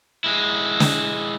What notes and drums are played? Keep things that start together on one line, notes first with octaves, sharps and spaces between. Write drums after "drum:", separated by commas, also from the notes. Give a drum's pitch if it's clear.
G#3 E4
drum: snare